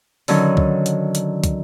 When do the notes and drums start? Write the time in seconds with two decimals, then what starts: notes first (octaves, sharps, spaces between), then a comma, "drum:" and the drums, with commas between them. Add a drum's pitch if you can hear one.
0.28 D3 D#3 F#3 C#4, drum: open hi-hat
0.57 drum: kick
0.86 drum: hi-hat
1.15 drum: hi-hat
1.44 drum: kick, hi-hat